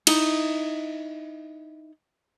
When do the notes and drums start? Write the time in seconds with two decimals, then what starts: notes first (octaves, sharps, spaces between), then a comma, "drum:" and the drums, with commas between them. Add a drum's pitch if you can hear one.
0.07 D#4 E4, drum: cymbal